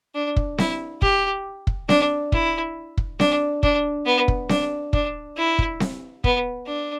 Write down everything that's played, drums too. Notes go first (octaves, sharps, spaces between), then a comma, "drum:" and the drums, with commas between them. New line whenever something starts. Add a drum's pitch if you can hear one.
D4
drum: kick
E4, drum: snare C4
G4, drum: kick
drum: kick
D4, drum: snare C4
E4, drum: kick
drum: kick
D4, drum: snare C4
D4, drum: kick
B3
drum: kick
D4, drum: snare C4
D4, drum: kick
E4
drum: kick
drum: snare C4
B3, drum: kick
D4